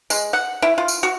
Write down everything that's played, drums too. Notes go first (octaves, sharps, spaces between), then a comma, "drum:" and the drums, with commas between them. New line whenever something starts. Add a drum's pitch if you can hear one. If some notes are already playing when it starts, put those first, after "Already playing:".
G#3, drum: tambourine
F#5
E4
F4
drum: tambourine
F#4